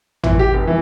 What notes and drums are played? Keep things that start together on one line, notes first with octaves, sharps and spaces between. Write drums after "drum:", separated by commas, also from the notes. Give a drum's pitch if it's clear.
E3, drum: tom G#1
G4
F1
E3